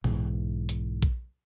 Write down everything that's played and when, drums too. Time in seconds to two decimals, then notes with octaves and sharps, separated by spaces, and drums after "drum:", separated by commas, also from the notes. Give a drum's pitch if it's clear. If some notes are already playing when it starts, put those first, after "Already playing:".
0.04 B1 G#2 E3, drum: tom A#2
0.69 drum: hi-hat
1.02 drum: kick A#1